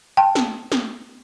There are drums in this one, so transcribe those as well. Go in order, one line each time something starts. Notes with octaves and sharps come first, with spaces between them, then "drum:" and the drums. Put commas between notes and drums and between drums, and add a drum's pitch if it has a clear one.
G5 A5
drum: snare
drum: snare